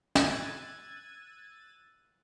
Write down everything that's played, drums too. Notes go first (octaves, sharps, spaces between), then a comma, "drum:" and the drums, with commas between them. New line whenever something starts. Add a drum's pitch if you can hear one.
E6 F#6 G#6 A6 D#7, drum: snare